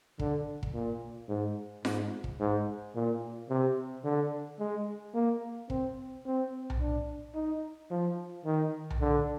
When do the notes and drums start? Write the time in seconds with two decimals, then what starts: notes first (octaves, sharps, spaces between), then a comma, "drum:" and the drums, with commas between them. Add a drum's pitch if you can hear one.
0.19 D3, drum: kick
0.63 drum: kick
0.74 A#2
1.29 G#2
1.85 G#2, drum: snare F4
2.24 drum: kick
2.40 G#2
2.95 A#2
3.49 C3
4.04 D3
4.60 G#3
5.15 A#3
5.70 C4, drum: kick
6.26 C4
6.70 drum: tom B1
6.81 D4
7.35 D#4
7.91 F3
8.45 D#3
8.90 drum: tom B1
9.01 D3